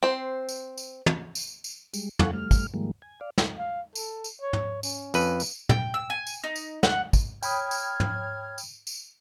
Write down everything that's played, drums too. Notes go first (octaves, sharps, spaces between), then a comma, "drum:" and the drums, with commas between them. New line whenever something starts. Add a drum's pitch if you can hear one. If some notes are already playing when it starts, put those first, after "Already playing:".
C4 C5
drum: tambourine
drum: tambourine
drum: tom
drum: tambourine
drum: tambourine
G3 G#3, drum: tambourine
A4 F5 F#5 G#5 C#6 F#6, drum: tom
G3 A3 F6
drum: kick, tambourine
G#2 D#3 F3 G3 G#3 A#3
G#5
D5 F5
drum: snare
F5
A4, drum: tambourine
drum: tambourine
C#5
drum: tom
C#4, drum: tambourine
F2 B4, drum: tambourine
drum: tambourine
G5, drum: tom
E6
G#5
drum: tambourine
D#4
drum: tambourine
F#5, drum: snare
drum: kick, tambourine
C#5 G5 B5 D#6 F6 G#6, drum: tambourine
drum: tambourine
drum: tom
drum: tambourine
drum: tambourine